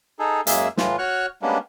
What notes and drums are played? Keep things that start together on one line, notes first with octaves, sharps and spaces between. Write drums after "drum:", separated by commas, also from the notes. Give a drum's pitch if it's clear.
D#4 G#4 A4
F#2 G#3 A#3 G#4 E5 E6, drum: hi-hat
A2 E3 F4, drum: snare
F#4 C#5 C#6 F6 F#6
G3 G#3 A#3 B3 C#4 D4